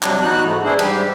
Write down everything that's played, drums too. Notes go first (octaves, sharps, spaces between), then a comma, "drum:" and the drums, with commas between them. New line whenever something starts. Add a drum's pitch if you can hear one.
C3 F#3 G3 D4, drum: clap
E3 B3 D#4 F#4 F#6
G#2 A3
E3 D4 E4 G#4 C5
G#2 G3 G4, drum: cymbal